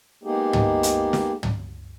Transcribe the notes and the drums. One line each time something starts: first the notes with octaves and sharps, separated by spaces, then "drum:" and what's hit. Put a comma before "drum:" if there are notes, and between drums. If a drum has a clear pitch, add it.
G#3 A#3 B3 D#4 G4 G#4
drum: tom
drum: hi-hat
drum: snare
drum: tom